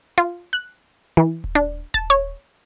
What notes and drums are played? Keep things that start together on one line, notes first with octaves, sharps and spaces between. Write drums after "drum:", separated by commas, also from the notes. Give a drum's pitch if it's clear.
F4
F#6
E3
drum: kick D#1
D4
A5, drum: kick D#1
C#5